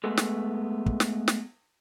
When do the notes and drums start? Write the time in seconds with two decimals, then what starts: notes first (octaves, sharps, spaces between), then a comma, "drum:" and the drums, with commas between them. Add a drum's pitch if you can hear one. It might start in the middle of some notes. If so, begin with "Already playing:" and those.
0.04 G#3 A3 B3
0.17 drum: snare
0.86 drum: kick
1.00 drum: snare
1.28 drum: snare